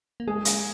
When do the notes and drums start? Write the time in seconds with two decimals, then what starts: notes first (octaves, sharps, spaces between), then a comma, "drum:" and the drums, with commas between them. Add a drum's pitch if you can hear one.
0.20 A#3
0.28 G#3 G#4
0.45 drum: hi-hat